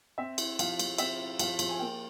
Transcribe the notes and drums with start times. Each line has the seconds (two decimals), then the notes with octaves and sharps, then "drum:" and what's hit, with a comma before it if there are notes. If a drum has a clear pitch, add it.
0.18 C4 E5
0.38 E4, drum: cymbal
0.59 F3 F5, drum: cymbal
0.79 F3, drum: cymbal
0.98 C4 E5, drum: cymbal
1.19 E4
1.39 F3 F5, drum: cymbal
1.59 F3, drum: cymbal
1.69 G#5
1.79 A#3 G5